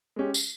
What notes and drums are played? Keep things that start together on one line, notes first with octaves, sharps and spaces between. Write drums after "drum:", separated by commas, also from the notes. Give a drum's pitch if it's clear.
G#3 C#4 G4
drum: tambourine